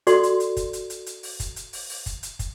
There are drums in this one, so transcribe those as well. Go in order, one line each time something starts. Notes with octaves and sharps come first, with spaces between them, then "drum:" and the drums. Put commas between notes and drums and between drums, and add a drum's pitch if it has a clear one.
F#4 A4 D5 C6, drum: hi-hat
drum: hi-hat
drum: hi-hat
drum: kick, hi-hat
drum: hi-hat
drum: hi-hat
drum: hi-hat
drum: open hi-hat
drum: kick, hi-hat
drum: hi-hat
drum: open hi-hat
drum: open hi-hat
drum: kick, hi-hat
drum: hi-hat
drum: kick, hi-hat